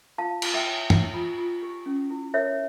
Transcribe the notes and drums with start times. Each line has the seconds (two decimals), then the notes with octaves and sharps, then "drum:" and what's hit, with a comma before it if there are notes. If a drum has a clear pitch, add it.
0.18 F4 F5 A5
0.42 F4, drum: cymbal
0.54 E5 G5
0.67 C#5
0.90 C#5, drum: tom
1.14 F4
1.38 F4
1.62 G4
1.86 C#4
2.10 E4
2.34 A#4 C#5 E5